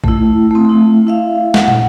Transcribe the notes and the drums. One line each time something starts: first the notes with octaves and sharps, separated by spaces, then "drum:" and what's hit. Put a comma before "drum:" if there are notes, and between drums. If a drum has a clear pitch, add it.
A3 E4, drum: kick
A3 C4
A3 E4
E4 E5 F5
F#5, drum: snare
drum: tom